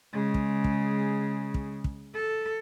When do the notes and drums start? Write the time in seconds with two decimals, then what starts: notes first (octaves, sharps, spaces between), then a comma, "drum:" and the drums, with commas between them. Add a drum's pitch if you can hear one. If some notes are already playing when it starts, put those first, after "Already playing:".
0.13 C#3 G#3
0.34 drum: kick
0.64 drum: kick
1.54 drum: kick
1.84 drum: kick
2.14 A4